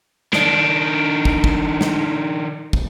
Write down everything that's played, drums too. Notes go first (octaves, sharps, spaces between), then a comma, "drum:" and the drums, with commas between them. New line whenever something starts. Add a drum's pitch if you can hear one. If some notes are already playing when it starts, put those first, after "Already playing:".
D#3 D4, drum: snare
drum: kick
drum: kick
drum: snare
drum: kick